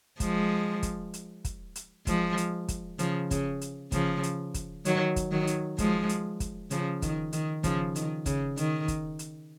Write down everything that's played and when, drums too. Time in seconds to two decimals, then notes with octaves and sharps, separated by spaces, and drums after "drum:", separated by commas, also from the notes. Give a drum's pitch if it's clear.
0.20 F3 G#3, drum: kick, hi-hat
0.83 drum: kick, hi-hat
1.14 drum: hi-hat
1.45 drum: kick, hi-hat
1.76 drum: hi-hat
2.07 F3 G#3, drum: kick, hi-hat
2.37 drum: hi-hat
2.68 drum: kick, hi-hat
2.99 C#3 F3, drum: hi-hat
3.31 C#3, drum: kick, hi-hat
3.61 drum: hi-hat
3.92 C#3 F3, drum: kick, hi-hat
4.23 drum: hi-hat
4.54 drum: kick, hi-hat
4.85 D#3 F#3, drum: hi-hat
5.16 drum: kick, hi-hat
5.32 D#3 F#3
5.47 drum: hi-hat
5.78 F3 G#3, drum: kick, hi-hat
6.09 drum: hi-hat
6.40 drum: kick, hi-hat
6.71 C#3 F3, drum: hi-hat
7.02 D#3, drum: kick, hi-hat
7.33 D#3, drum: hi-hat
7.64 C#3 F3, drum: kick, hi-hat
7.96 D#3, drum: hi-hat
8.26 C#3, drum: kick, hi-hat
8.57 D#3, drum: hi-hat
8.88 drum: kick, hi-hat
9.19 drum: hi-hat